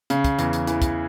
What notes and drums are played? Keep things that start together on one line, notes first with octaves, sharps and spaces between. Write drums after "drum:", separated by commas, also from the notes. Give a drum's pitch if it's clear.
C#3, drum: hi-hat
drum: kick, hi-hat
E2, drum: hi-hat
drum: hi-hat
E3, drum: hi-hat
drum: kick, hi-hat